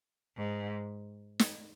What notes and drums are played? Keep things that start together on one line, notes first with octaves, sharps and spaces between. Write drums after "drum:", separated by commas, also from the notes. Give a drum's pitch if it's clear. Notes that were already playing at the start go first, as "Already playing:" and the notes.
G#2
drum: snare